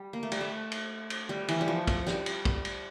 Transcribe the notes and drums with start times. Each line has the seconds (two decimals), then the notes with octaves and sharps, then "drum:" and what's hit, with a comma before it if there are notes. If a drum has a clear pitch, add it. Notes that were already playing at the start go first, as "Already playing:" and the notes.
Already playing: G3
0.13 A#3
0.23 A3
0.32 G3, drum: cymbal
0.41 A3
0.72 drum: cymbal
1.10 drum: cymbal
1.29 G3
1.48 E3, drum: cymbal
1.61 G3
1.68 F3
1.87 drum: kick, cymbal
2.07 G3, drum: snare
2.26 drum: cymbal
2.45 drum: kick
2.65 drum: cymbal